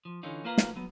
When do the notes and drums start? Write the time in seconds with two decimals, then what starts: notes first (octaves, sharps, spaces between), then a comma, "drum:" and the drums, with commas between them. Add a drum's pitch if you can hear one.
0.05 F3
0.23 D3 E3 C#4 D#4 F4
0.45 A#3 F4 B4 F5 A#5
0.58 drum: snare
0.76 F#3 B3